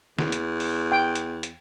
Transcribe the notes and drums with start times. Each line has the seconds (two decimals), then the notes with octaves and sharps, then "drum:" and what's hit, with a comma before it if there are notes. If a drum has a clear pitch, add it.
0.19 E2, drum: snare
0.32 drum: hi-hat
0.60 drum: open hi-hat
0.92 G5
1.15 drum: hi-hat
1.43 drum: hi-hat